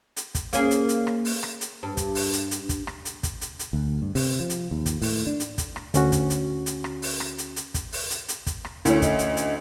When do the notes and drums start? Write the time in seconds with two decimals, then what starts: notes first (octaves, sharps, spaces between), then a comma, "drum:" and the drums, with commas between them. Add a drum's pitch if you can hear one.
0.17 drum: hi-hat
0.35 drum: kick, hi-hat
0.53 A#3 C#4 G#4, drum: hi-hat
0.71 drum: hi-hat
0.89 drum: hi-hat
1.07 drum: rim click
1.25 drum: open hi-hat
1.43 drum: rim click
1.61 drum: hi-hat
1.83 G2
1.97 drum: kick, hi-hat
2.15 drum: open hi-hat
2.33 drum: hi-hat
2.51 drum: hi-hat
2.69 drum: kick, hi-hat
2.87 drum: rim click
3.05 drum: hi-hat
3.23 drum: kick, hi-hat
3.41 drum: hi-hat
3.59 drum: hi-hat
3.73 D2
4.02 G2
4.15 C3, drum: open hi-hat
4.40 F3
4.50 drum: hi-hat
4.71 D#2
4.86 drum: kick, hi-hat
5.02 A2, drum: open hi-hat
5.27 D4
5.40 drum: hi-hat
5.58 drum: kick, hi-hat
5.76 drum: rim click
5.94 D2 C#4 F#4, drum: hi-hat
6.12 drum: kick, hi-hat
6.30 drum: hi-hat
6.66 drum: hi-hat
6.84 drum: rim click
7.02 drum: open hi-hat
7.20 drum: rim click
7.38 drum: hi-hat
7.56 drum: hi-hat
7.74 drum: kick, hi-hat
7.92 drum: open hi-hat
8.10 drum: hi-hat
8.28 drum: hi-hat
8.46 drum: kick, hi-hat
8.65 drum: rim click
8.85 D2 A3 C#4 E4, drum: hi-hat
9.02 D#5, drum: kick, hi-hat
9.19 drum: hi-hat
9.37 drum: hi-hat